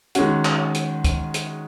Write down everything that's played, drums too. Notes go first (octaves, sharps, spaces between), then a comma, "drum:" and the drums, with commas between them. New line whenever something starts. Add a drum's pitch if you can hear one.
D#3 G#3 C#4 F#4, drum: hi-hat
drum: clap
drum: hi-hat
drum: kick, hi-hat
drum: hi-hat